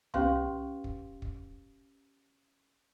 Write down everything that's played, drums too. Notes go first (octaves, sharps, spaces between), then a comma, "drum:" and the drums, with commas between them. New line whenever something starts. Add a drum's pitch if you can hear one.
C#4 G4 B4 F5 C6, drum: tom C2
drum: kick
drum: kick